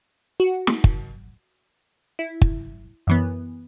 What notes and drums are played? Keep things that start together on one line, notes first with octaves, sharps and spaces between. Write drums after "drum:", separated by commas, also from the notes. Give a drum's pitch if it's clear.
F#4
drum: snare
drum: kick
E4
drum: kick
F#2 E3 B3